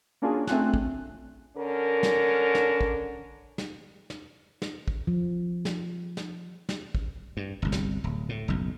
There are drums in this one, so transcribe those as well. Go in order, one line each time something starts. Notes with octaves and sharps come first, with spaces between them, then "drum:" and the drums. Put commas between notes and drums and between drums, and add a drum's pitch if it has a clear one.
A#3 C#4 D4 F4 F#4 G#4
A3 C4 D4 F4 G#5 F#6, drum: snare
drum: kick
D3 C#4 A#4
drum: snare
drum: snare
drum: kick
drum: snare
drum: snare
drum: snare
drum: kick
F3
drum: snare
drum: snare
drum: snare
drum: kick
G2
G1 C2
drum: snare
D1
A2
F#1 B1